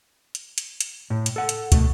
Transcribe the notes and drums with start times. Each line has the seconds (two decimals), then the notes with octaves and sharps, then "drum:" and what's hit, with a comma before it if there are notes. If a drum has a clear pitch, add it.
0.35 drum: hi-hat
0.58 drum: hi-hat
0.80 drum: hi-hat
1.10 A2
1.26 drum: hi-hat
1.36 A4 F#5
1.49 drum: hi-hat
1.72 B2 A3, drum: kick, hi-hat